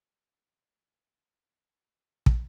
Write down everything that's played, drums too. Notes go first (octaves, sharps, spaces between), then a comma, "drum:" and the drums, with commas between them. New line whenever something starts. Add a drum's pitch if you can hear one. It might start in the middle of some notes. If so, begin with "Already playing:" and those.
Already playing: A2 E3 C4
A2 E3
A2 E3 D4
A2 E3 D4
drum: kick